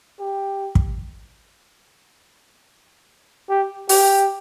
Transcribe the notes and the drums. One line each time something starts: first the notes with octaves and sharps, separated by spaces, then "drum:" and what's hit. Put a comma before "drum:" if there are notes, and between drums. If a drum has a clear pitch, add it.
G4
drum: kick
G4
G4, drum: open hi-hat